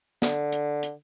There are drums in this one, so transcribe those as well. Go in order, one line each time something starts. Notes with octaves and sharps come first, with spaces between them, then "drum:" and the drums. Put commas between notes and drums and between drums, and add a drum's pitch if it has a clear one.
D3, drum: snare
drum: hi-hat
drum: hi-hat